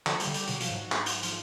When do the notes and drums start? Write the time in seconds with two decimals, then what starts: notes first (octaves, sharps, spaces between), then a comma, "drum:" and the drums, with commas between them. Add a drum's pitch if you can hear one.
0.06 D3 F3, drum: clap
0.20 G3, drum: hi-hat
0.28 D3
0.34 G3, drum: hi-hat
0.48 B2 F#3, drum: hi-hat
0.61 F3, drum: hi-hat
0.70 G#2 F#3
0.92 drum: clap
1.06 drum: hi-hat
1.23 F3, drum: hi-hat